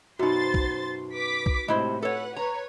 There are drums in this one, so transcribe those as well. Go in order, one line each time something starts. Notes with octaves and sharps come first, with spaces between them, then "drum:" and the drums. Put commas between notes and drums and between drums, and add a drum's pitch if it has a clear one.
F#2 B2 D#4 F#4 C5 C6 A6
drum: kick
B4 D6 B6
drum: kick
A2 C3 G#3 E4 C5
A4 B4 C#5 F#5
B4 C#5 A#5